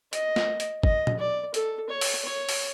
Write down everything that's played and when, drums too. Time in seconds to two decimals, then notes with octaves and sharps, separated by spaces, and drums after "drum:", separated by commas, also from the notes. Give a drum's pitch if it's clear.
0.13 D#5, drum: hi-hat
0.36 drum: snare
0.60 drum: hi-hat
0.83 D#5, drum: kick
1.07 drum: tom A#2
1.19 D5
1.54 A4, drum: hi-hat
1.90 C#5
2.01 drum: open hi-hat
2.25 C#5
2.49 drum: open hi-hat